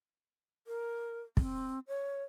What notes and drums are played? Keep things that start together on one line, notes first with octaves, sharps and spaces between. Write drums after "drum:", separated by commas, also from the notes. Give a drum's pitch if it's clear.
A#4
C4, drum: kick
C#5